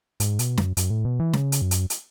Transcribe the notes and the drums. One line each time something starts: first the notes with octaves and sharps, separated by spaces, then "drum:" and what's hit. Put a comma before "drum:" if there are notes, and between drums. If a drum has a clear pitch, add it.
G#2, drum: hi-hat
B2, drum: hi-hat
F#2, drum: snare
F#2, drum: hi-hat
A2
B2
E3
C#3, drum: snare
drum: hi-hat
F#2
drum: hi-hat
drum: hi-hat